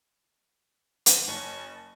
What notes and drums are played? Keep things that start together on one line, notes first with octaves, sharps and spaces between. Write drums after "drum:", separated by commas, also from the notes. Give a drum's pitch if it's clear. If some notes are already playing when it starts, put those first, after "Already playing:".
drum: hi-hat
F#1 C#5 A5